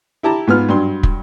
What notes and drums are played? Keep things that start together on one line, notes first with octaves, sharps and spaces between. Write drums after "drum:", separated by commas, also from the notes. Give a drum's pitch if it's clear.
E4 G4 A5 A#5
G#2 B3 F4 F6
G2 F#3 C6
drum: kick